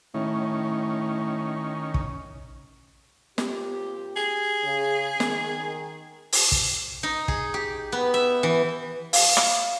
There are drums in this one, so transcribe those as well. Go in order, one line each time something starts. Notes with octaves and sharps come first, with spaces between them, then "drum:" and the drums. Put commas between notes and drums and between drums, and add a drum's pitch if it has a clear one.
A2 D#3 C#4
drum: kick
A#2 C4 G4, drum: snare
G#4
C#3
D#3, drum: snare
drum: open hi-hat
drum: kick
D#4
G#4, drum: kick
G4
B3
E5
E3
F5, drum: open hi-hat
drum: rim click